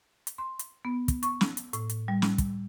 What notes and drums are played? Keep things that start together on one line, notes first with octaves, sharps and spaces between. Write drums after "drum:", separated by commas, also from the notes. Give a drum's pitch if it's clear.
drum: hi-hat
C6
drum: hi-hat
B3
drum: kick, hi-hat
C#6, drum: hi-hat
drum: snare
drum: hi-hat
A2, drum: hi-hat
drum: hi-hat
G3
drum: snare
drum: kick, hi-hat